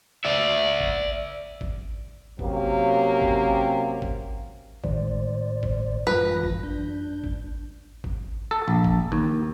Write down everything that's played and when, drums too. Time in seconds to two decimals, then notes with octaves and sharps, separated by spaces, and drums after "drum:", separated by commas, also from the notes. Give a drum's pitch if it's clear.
0.25 D5 E5
0.81 drum: kick G#1
1.61 drum: kick G#1
2.39 C3 F#3 A#3 C#4 G4, drum: kick G#1
3.22 drum: kick G#1
4.02 drum: kick G#1
4.84 A2 D#3 G#3 C5 D5, drum: kick G#1
5.63 drum: kick G#1
6.07 F#2 E3 G3 G#3 F4 B4 A#6
6.43 drum: kick G#1
6.63 D4 G6
7.24 drum: kick G#1
8.04 drum: kick G#1
8.51 A4
8.68 A#1
8.84 drum: kick G#1
9.12 D#2